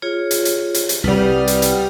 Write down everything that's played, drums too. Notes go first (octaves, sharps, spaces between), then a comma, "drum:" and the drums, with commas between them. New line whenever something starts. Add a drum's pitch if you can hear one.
F4 G#4 C#5
drum: hi-hat
drum: hi-hat
drum: hi-hat
drum: hi-hat
C2 G3 B4 F#5 D#6 F6
drum: hi-hat
drum: hi-hat